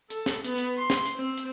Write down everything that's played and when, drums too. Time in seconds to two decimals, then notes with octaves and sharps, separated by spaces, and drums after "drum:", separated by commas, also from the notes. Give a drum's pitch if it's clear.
0.10 A4, drum: hi-hat
0.26 drum: snare
0.45 B3, drum: hi-hat
0.58 drum: hi-hat
0.78 C6
0.90 drum: snare
1.06 drum: hi-hat
1.16 C4
1.37 drum: hi-hat